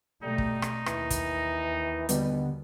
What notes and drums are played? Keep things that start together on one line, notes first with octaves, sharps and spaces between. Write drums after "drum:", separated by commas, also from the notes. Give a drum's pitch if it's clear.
B2 G3 A3 D#4
drum: kick
drum: rim click
D#2 E3, drum: rim click
drum: kick, hi-hat
B2 D3 G3 B3, drum: hi-hat